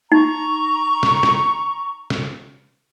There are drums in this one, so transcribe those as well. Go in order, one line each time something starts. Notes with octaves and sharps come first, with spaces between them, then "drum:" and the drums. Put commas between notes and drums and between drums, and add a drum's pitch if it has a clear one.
D#4 A#5 C#6
drum: snare
drum: snare
drum: snare